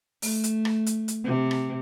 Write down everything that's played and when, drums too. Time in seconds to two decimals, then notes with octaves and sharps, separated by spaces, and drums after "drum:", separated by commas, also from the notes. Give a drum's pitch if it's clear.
0.22 A3, drum: open hi-hat
0.44 drum: hi-hat
0.65 drum: rim click
0.86 drum: hi-hat
1.08 drum: hi-hat
1.24 C3
1.51 drum: rim click